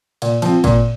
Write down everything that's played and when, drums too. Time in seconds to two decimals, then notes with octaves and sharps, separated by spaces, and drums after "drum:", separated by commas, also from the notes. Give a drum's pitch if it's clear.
0.22 A#2, drum: cymbal
0.42 F3 C4 F4, drum: cymbal
0.64 A#2, drum: kick, cymbal